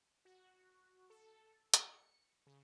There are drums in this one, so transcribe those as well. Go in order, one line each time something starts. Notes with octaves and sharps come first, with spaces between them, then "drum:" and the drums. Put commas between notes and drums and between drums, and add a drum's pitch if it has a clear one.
F#4
A4
C#7, drum: hi-hat
C#3